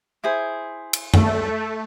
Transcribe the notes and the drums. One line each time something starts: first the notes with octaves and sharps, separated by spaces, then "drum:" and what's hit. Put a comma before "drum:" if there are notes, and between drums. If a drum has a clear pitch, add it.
E4 G#4 C5
drum: cymbal
A3, drum: tom F#2